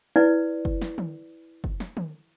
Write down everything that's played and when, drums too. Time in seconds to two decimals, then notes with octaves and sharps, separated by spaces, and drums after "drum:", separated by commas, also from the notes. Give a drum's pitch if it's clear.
0.16 E4 B4 D5
0.65 drum: kick
0.82 drum: snare
0.98 drum: tom
1.64 drum: kick
1.80 drum: snare
1.97 drum: tom